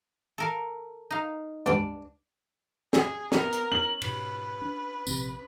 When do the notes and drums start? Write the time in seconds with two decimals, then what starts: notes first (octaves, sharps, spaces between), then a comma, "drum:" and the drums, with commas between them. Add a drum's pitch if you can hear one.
0.38 A4 A#4 F5
1.11 D#4 F5
1.66 C#2 G2 D4 D5
2.93 G#4, drum: snare
3.32 B3 A#4, drum: snare
3.52 drum: hi-hat
3.72 B3 C#4 F#7
4.02 G#2 B2 B4, drum: cymbal
4.62 D4
5.07 A#1 C3 C4, drum: tambourine